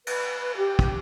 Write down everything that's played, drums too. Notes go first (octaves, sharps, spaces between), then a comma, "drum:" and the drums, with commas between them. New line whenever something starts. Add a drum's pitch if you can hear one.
B4, drum: cymbal
G4
drum: kick